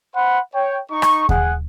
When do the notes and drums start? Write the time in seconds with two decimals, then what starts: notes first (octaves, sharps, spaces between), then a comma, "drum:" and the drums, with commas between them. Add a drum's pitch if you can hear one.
0.16 C5 F#5 B5 C6
0.54 C#5 G5
0.91 D#4 C#6
1.02 drum: rim click
1.29 G#4 F#5, drum: kick D#2